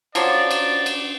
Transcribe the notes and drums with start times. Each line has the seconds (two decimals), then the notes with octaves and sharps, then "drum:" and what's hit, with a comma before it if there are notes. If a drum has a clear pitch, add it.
0.15 F3 F#3 D5, drum: cymbal
0.51 drum: cymbal
0.86 drum: cymbal